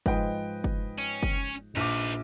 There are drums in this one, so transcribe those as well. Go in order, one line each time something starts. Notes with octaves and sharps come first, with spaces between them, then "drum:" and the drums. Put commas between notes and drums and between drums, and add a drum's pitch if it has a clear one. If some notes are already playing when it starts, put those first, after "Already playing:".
G#2 F3 G#3 B4 D#5 G5, drum: kick
drum: kick
C#4
drum: kick
A#1 D#4 B4 D6